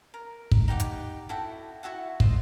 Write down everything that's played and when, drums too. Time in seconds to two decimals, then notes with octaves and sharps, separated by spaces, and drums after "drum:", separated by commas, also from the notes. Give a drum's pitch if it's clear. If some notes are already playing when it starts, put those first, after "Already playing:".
0.14 A#4
0.51 drum: kick
0.68 D#4 G4 F#5 D6
0.80 drum: hi-hat
1.29 E4 F#4 A4 G5
1.83 E4 F#4 E5 F#5
2.20 F4 C5 D#5, drum: kick